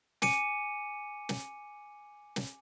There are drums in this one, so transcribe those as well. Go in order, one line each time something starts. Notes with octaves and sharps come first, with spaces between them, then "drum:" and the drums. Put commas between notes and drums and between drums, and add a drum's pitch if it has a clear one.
G#5 D6 C#7 D#7, drum: snare
drum: snare
drum: snare